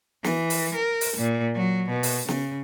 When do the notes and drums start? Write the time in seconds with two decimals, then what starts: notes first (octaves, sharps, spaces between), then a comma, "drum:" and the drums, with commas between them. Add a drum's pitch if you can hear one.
0.24 E3, drum: snare
0.50 drum: open hi-hat
0.75 A#4
1.01 drum: open hi-hat
1.18 A#2
1.56 F#3
1.90 B2
2.03 drum: open hi-hat
2.28 C#3, drum: snare